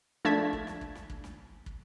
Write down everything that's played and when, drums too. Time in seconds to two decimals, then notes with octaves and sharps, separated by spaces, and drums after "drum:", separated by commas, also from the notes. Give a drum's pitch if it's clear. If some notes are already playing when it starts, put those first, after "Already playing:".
0.25 F3 A3 D4 A5 G#6 B6
0.53 drum: kick
0.67 drum: snare
0.81 drum: kick
0.95 drum: snare
1.10 drum: kick
1.24 drum: snare
1.66 drum: kick